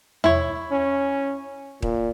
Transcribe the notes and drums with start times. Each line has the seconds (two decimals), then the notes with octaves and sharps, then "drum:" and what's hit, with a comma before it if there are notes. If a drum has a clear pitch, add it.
0.24 E4 C#5, drum: tom E2
0.72 C#4
1.82 A#2, drum: kick D#1